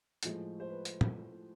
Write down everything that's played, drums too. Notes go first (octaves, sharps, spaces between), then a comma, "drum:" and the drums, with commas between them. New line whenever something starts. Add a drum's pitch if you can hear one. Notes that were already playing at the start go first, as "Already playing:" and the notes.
A2 F3 G#3, drum: hi-hat
C5
B4
drum: hi-hat
drum: tom